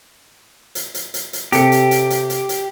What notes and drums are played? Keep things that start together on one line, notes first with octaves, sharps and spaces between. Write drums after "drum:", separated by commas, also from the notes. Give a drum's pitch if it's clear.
drum: hi-hat
drum: hi-hat
drum: hi-hat
drum: hi-hat
C3 G4 A4 C#7, drum: hi-hat
drum: hi-hat
drum: hi-hat
drum: hi-hat
drum: hi-hat
drum: hi-hat